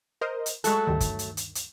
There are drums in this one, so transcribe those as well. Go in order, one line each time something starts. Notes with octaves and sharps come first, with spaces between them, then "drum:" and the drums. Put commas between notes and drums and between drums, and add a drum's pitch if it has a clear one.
A#4 C5 D#5
drum: hi-hat
F#3 G#3 A3 A4 C#6 F#6, drum: hi-hat
D2 G2 D#3
drum: kick, hi-hat
drum: hi-hat
drum: hi-hat
drum: hi-hat